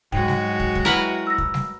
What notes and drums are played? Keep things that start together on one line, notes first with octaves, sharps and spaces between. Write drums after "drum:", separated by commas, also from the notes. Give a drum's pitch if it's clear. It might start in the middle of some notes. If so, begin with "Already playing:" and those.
G#2 F#3 G#3 F#4 G5, drum: kick
drum: snare
drum: kick
drum: kick
E4 A#4 B4 F#5
E6 A#6
drum: kick
drum: snare